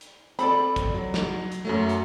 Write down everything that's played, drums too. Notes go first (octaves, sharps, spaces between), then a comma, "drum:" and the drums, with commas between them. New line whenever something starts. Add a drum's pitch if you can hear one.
drum: hi-hat
C4 A4 D5 B5, drum: hi-hat
drum: kick, hi-hat
F#3
drum: snare
drum: hi-hat
F#2 F#3 A3
drum: hi-hat